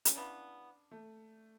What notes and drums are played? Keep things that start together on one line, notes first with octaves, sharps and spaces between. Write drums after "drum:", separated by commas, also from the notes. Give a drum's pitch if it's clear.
C#4, drum: hi-hat
C#3 E3 B3 D4
A3